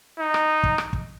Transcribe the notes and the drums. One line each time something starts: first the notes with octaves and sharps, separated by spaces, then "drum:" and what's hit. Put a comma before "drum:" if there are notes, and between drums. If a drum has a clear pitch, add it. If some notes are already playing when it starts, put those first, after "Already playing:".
D#4
drum: rim click
drum: kick
drum: rim click
drum: kick